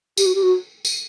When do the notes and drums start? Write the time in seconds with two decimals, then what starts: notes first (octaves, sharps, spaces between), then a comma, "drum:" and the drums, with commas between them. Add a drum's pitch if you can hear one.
0.18 G4, drum: tambourine
0.26 F#4
0.35 G4
0.43 F#4
0.85 drum: tambourine